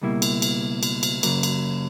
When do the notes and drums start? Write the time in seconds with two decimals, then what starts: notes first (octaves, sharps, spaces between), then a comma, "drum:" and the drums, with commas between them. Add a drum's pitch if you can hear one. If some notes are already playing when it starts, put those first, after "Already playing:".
0.02 C#2 B2 G3 A#3 E4
0.22 drum: cymbal
0.42 drum: cymbal
0.83 drum: cymbal
1.03 drum: cymbal
1.23 F#2 C#3 F#3 A#3, drum: cymbal
1.43 drum: cymbal